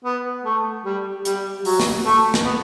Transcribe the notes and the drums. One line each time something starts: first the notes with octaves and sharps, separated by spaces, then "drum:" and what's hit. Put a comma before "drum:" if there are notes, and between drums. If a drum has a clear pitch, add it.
B3
A3
G3
G3, drum: hi-hat
F#3, drum: open hi-hat
drum: snare
A3
drum: snare
B3